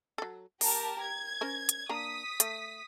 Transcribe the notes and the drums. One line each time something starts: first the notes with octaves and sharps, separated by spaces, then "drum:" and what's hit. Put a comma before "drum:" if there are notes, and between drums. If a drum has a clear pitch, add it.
F#3 A4
A#3 G4 A#4 A5, drum: open hi-hat
G#6
C#4 A#4 C5
drum: hi-hat
A#3 D4 A#5 D#6 B6
A3, drum: hi-hat